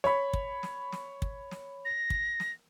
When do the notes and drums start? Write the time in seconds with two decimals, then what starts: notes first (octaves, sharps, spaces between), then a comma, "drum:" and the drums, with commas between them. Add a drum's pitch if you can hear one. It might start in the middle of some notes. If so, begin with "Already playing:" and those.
0.04 C#5 B5, drum: snare
0.33 drum: kick
0.63 drum: snare
0.92 drum: snare
1.22 drum: kick
1.51 drum: snare
1.85 A#6
2.10 drum: kick
2.40 drum: snare